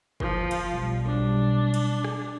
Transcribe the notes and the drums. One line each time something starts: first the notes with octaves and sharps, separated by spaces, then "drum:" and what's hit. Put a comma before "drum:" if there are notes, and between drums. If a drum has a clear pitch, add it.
F3, drum: kick
drum: cymbal
B1 G3
D4
drum: cymbal
drum: rim click